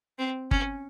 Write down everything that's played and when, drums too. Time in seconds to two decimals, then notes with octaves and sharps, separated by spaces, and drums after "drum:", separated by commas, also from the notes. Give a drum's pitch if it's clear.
0.19 C4
0.51 C#4, drum: kick G1